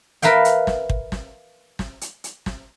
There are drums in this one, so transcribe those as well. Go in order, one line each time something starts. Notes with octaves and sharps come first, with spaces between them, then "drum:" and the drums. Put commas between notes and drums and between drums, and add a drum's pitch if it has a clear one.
A#4 B4 E5 F5 G5, drum: hi-hat
drum: hi-hat
drum: snare
drum: kick
drum: snare
drum: snare
drum: hi-hat
drum: hi-hat
drum: snare